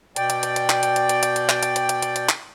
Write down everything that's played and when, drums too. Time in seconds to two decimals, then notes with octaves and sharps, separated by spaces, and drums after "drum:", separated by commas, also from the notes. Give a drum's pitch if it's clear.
0.16 B2 D5 G5, drum: hi-hat
0.30 drum: hi-hat
0.43 drum: hi-hat
0.56 drum: hi-hat
0.70 drum: clap
0.83 drum: hi-hat
0.96 drum: hi-hat
1.09 drum: hi-hat
1.23 drum: hi-hat
1.36 drum: hi-hat
1.49 drum: clap
1.63 drum: hi-hat
1.76 drum: hi-hat
1.89 drum: hi-hat
2.02 drum: hi-hat
2.16 drum: hi-hat
2.29 drum: clap